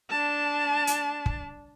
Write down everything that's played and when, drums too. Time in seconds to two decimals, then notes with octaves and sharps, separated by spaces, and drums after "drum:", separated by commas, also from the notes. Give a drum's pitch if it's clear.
0.10 D4 A5
0.87 drum: hi-hat
1.26 drum: kick